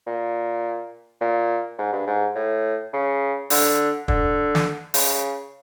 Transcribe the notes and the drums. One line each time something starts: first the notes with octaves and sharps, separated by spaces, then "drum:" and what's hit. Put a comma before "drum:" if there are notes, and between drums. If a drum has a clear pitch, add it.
A#2
A#2
G#2
G2
G#2
A2
C#3
D3, drum: open hi-hat
D3, drum: kick
drum: snare
C#3, drum: open hi-hat